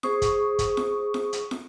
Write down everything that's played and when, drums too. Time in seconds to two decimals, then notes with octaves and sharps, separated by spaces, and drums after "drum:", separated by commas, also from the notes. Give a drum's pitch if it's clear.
0.03 G#4 C5 C#6 D#6, drum: snare
0.22 drum: kick, hi-hat
0.59 drum: kick, hi-hat
0.77 drum: snare
1.14 drum: snare
1.33 drum: hi-hat
1.51 drum: snare